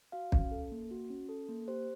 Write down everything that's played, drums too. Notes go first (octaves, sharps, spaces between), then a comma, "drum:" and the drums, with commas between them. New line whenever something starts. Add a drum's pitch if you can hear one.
F#4 F5
C#4, drum: kick
A4
A#3
F#4
C#4
A4
A#3
G4 C5